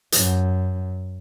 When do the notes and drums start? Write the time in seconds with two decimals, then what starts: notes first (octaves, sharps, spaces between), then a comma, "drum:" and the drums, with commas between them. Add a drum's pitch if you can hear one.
0.12 F#2, drum: hi-hat